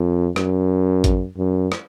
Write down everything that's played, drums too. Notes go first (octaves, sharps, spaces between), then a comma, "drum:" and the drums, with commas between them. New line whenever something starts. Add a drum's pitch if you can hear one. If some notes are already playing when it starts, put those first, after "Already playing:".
Already playing: F2
F#2, drum: rim click
drum: kick A1, hi-hat
F#2
drum: rim click